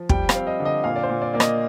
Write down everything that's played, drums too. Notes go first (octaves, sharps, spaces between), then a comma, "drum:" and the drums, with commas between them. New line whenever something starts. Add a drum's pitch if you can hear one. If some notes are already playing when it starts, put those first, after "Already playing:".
Already playing: F3
G3 G5, drum: kick
F5, drum: rim click
C4
D#5
D3
D#5
A#2 F5
D5
C5
A#2
D5
A#3 D5
D#5, drum: rim click